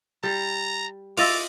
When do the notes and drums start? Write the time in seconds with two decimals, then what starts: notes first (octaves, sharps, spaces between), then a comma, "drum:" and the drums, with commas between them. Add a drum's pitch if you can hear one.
0.23 G3 A#5 A6
1.17 F4 D#5 E5 D6 E6 A6 F7, drum: open hi-hat